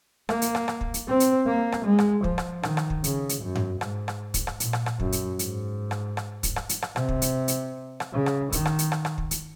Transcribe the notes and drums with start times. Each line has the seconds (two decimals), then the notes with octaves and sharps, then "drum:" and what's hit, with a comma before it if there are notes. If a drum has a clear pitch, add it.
0.29 A#3, drum: rim click
0.42 drum: hi-hat
0.55 drum: rim click
0.68 drum: rim click
0.81 drum: kick
0.94 drum: hi-hat
1.07 C4
1.20 drum: hi-hat
1.47 A#3
1.72 drum: rim click
1.85 G#3
1.99 drum: rim click
2.24 F3, drum: kick
2.38 drum: rim click
2.63 D#3, drum: rim click
2.77 drum: rim click
2.90 drum: kick
3.04 C#3, drum: hi-hat
3.29 drum: hi-hat
3.42 F#2
3.55 drum: tom G2
3.81 G#2, drum: rim click
4.08 drum: rim click
4.34 drum: kick, hi-hat
4.47 drum: rim click
4.60 A#2, drum: hi-hat
4.73 drum: rim click
4.86 drum: rim click
5.00 F#2, drum: kick
5.12 drum: hi-hat
5.39 G#2, drum: hi-hat
5.91 drum: rim click
6.17 drum: rim click
6.43 drum: kick, hi-hat
6.56 drum: rim click
6.69 drum: hi-hat
6.82 drum: rim click
6.96 C3, drum: rim click
7.09 drum: kick
7.22 drum: hi-hat
7.48 drum: hi-hat
8.00 drum: rim click
8.13 C#3
8.26 drum: rim click
8.52 D#3, drum: kick, hi-hat
8.65 drum: rim click
8.79 drum: hi-hat
8.92 drum: rim click
9.05 drum: rim click
9.18 drum: kick
9.31 drum: hi-hat